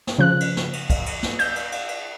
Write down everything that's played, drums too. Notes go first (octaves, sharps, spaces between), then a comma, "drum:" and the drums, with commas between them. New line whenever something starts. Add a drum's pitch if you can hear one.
drum: snare
C#3 F3 F#6
drum: cymbal
drum: snare
drum: cymbal
drum: kick, cymbal
drum: cymbal
drum: snare
G6, drum: cymbal
drum: cymbal
drum: cymbal
drum: cymbal